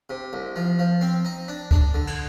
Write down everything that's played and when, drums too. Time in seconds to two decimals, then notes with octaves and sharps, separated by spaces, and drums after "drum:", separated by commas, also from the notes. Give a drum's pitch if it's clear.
0.10 C3
0.33 C2
0.56 F3
0.79 F3
1.01 C4
1.25 D#4
1.48 D4
1.71 D4, drum: kick C#2
1.94 D3
2.07 drum: cymbal